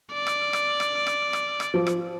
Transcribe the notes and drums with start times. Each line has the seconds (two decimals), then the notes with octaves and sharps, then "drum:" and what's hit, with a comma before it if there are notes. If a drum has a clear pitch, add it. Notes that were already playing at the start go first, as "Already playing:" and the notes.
0.13 D5
0.27 drum: rim click
0.53 drum: rim click
0.80 drum: rim click
1.07 drum: rim click
1.33 drum: rim click
1.60 drum: rim click
1.74 F3
1.87 drum: rim click